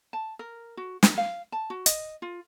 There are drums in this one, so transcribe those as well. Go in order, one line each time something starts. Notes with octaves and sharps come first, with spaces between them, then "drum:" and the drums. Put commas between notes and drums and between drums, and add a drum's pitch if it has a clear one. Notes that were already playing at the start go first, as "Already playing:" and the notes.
A5
A#4
F#4
D#4, drum: snare
F5
A5
F#4
D#5, drum: hi-hat
F4